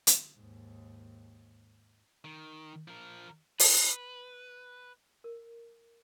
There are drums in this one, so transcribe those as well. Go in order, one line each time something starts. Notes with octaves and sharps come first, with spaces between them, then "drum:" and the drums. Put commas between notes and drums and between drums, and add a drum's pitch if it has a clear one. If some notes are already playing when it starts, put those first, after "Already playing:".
drum: hi-hat
D#2 G#2
D#3
F3 A#4
B4, drum: open hi-hat
A#4